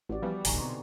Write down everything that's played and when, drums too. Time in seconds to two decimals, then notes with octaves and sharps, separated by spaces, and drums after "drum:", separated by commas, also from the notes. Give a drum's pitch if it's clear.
0.09 A1 F#4 G4 D5
0.22 E3 F3 G3 B3
0.45 D#1 A1 A#2 D3 D#4 G#5 A#5 C#6, drum: open hi-hat
0.58 B2 B3 C4 C6